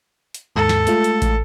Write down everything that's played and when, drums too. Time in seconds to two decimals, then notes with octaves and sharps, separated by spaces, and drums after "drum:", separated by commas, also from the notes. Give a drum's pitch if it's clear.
0.34 drum: hi-hat
0.56 D#2 G#2 A4
0.69 drum: snare
0.87 G#3 A3 F4, drum: hi-hat
1.04 drum: hi-hat
1.22 drum: kick, hi-hat